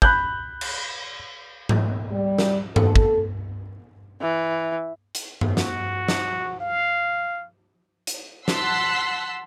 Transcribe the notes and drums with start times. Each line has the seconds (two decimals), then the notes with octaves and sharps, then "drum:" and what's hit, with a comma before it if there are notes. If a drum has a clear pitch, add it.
0.02 B5 F#6 G6, drum: kick
0.61 drum: cymbal
1.69 drum: tom G#2
2.12 G3
2.38 drum: snare
2.76 A4, drum: tom G2
2.96 drum: kick
4.21 E3
5.15 drum: hi-hat
5.41 drum: tom G2
5.57 F#4, drum: snare
6.08 drum: snare
6.60 F5
8.07 drum: hi-hat
8.48 F#5 A5 C6 E6 F#6 B6, drum: snare